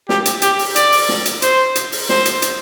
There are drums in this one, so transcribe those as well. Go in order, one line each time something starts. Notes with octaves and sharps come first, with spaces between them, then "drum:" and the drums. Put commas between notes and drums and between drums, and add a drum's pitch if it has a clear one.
G4, drum: snare
drum: hi-hat
G4, drum: hi-hat
drum: open hi-hat
D5, drum: hi-hat
drum: open hi-hat
drum: snare
drum: hi-hat
C5, drum: hi-hat
drum: hi-hat
drum: open hi-hat
C5, drum: snare
drum: hi-hat
drum: hi-hat